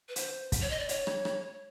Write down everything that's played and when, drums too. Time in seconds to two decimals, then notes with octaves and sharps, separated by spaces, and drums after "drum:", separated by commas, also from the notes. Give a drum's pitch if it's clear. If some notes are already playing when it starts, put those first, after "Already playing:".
0.08 B4
0.16 C5, drum: hi-hat
0.52 drum: kick, hi-hat
0.61 C#5
0.70 D#5
0.79 D5
0.89 C#5, drum: hi-hat
1.07 drum: rim click
1.25 drum: rim click